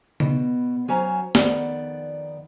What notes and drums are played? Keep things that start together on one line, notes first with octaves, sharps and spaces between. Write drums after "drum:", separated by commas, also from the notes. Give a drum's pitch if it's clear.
B2, drum: tom C#3
F#3 C#4 C5 G#5 A#5
F2 D#3 B3 D5 F#5, drum: snare